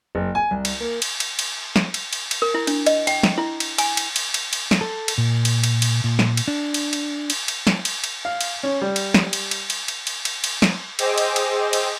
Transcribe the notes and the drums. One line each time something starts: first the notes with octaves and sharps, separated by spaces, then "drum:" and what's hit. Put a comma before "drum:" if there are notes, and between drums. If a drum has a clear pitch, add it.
F#1
G#5
C2
drum: cymbal
A#3
drum: cymbal
drum: cymbal
drum: cymbal
drum: snare
drum: cymbal
drum: cymbal
drum: cymbal
A#4
E4
D4, drum: cymbal
D#5, drum: cymbal
G5, drum: cymbal
drum: snare
E4
drum: cymbal
G#5, drum: cymbal
drum: cymbal
drum: cymbal
drum: cymbal
drum: cymbal
drum: snare
A4
drum: cymbal
A#2
drum: cymbal
drum: cymbal
drum: cymbal
A#2
drum: snare
drum: cymbal
D4
drum: cymbal
drum: cymbal
drum: cymbal
drum: cymbal
drum: snare
drum: cymbal
drum: cymbal
F5
drum: cymbal
C#4
G3
drum: cymbal
drum: snare
drum: cymbal
drum: cymbal
drum: cymbal
drum: cymbal
drum: cymbal
drum: cymbal
drum: cymbal
drum: snare
G#4 C5 D#5 G5 D6 E6, drum: cymbal
drum: cymbal
drum: cymbal
drum: cymbal